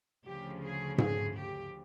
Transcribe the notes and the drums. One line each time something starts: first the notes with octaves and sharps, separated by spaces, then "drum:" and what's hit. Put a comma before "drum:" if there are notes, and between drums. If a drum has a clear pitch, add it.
D2 C#3 F3 G4
G#4
G#4, drum: tom G#2
G4